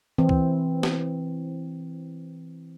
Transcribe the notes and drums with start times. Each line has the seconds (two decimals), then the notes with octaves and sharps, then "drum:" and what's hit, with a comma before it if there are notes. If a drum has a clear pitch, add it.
0.18 E3 C4
0.29 drum: kick C#2
0.83 drum: snare B3